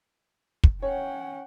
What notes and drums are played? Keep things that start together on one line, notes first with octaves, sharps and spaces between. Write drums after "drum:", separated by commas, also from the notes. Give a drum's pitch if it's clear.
drum: kick
C#4 C#5 F#5 G5